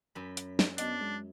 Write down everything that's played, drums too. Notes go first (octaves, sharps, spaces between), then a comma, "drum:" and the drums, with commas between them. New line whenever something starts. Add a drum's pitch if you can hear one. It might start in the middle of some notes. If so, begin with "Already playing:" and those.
F#2 B5 B6
drum: hi-hat
drum: snare
F#3 B3 D4 D#5, drum: hi-hat
G#3